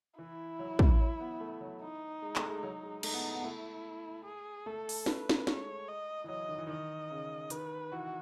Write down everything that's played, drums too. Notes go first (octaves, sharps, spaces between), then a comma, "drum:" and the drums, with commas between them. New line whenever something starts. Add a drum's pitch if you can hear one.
E3 E4
F#3
E3, drum: kick
F#3
B3
A3
F#3
D#4
G#3
A3, drum: clap
G#3
F#3
G#3
A3 D#4, drum: cymbal
B3
B3
A3 E4
G#4
A3 A4
drum: open hi-hat
A3 B4, drum: snare
drum: snare
G#3 C#5, drum: snare
D#5
E3
F#3 D#5
D#3
E3
D#3 D#5
C#3
D#3 B4, drum: hi-hat
E3 F#4